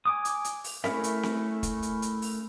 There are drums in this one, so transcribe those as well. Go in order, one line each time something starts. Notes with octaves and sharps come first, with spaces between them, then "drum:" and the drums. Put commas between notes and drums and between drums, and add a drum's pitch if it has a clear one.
G#5 D6 D#6
drum: hi-hat
drum: hi-hat
drum: open hi-hat
A3 C#4 E4 A#4 E5, drum: snare C4
drum: hi-hat
drum: snare C4
drum: kick, hi-hat
drum: hi-hat
drum: hi-hat
drum: open hi-hat